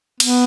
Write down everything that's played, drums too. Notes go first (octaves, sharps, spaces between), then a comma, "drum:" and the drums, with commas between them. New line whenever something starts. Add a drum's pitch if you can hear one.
B3, drum: cymbal